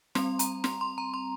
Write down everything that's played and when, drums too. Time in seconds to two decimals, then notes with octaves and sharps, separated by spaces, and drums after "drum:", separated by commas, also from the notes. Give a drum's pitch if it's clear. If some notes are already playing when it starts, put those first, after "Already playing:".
0.15 G3 C4 C6, drum: snare
0.39 A#5, drum: hi-hat
0.64 C6, drum: snare
0.81 C6
0.98 A#5
1.14 C6